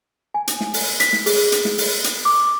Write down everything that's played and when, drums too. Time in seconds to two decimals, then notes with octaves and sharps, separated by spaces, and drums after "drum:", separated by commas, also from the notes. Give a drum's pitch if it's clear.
0.34 G#5
0.48 drum: hi-hat
0.61 drum: snare
0.74 drum: open hi-hat
1.00 B6, drum: hi-hat
1.13 drum: snare
1.26 G#4, drum: open hi-hat
1.52 drum: hi-hat
1.65 drum: snare
1.78 drum: open hi-hat
2.04 drum: hi-hat
2.25 D6